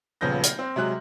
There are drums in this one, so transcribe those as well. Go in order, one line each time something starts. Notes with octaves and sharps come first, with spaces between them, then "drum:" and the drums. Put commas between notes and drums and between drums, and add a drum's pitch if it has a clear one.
D#1 C#3 F3 B3 G6 A#6
F6, drum: hi-hat
C4
C3 F#3 G#3 F#6